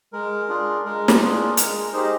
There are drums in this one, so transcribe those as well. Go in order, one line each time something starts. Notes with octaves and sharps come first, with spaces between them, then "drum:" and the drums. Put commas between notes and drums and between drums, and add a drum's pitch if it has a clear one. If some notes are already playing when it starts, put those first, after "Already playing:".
G#3 A#4
D4 F4 G#4
G#3 A#4
drum: snare
D4 F4 G#4
G#3 A#4, drum: hi-hat
A#4
D#4 G4 G#4 C5
D#5